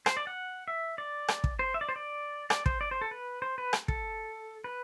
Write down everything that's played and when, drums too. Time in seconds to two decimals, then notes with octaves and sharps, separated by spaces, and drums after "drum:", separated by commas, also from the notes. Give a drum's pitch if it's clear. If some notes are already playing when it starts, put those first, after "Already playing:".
0.06 C5, drum: rim click
0.17 D5
0.27 F#5
0.68 E5
0.98 D5
1.28 drum: rim click
1.44 drum: kick
1.59 C5
1.74 E5
1.81 D5
1.89 C5
1.96 D5
2.50 D5, drum: rim click
2.66 C5, drum: kick
2.81 D5
2.91 C5
3.01 A4
3.11 B4
3.42 C5
3.58 B4
3.73 drum: rim click
3.88 A4, drum: kick
4.64 B4